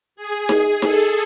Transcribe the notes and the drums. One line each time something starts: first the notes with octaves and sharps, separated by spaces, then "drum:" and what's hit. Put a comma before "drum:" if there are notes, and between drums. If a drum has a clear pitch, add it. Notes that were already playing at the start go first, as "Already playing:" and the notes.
G#4
drum: snare D#4
A4, drum: snare D#4